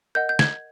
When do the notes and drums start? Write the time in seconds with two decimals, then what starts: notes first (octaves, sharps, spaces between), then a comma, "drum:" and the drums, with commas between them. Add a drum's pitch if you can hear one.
0.15 A#4 D#5 F#5 G6
0.29 G6
0.39 G#6, drum: snare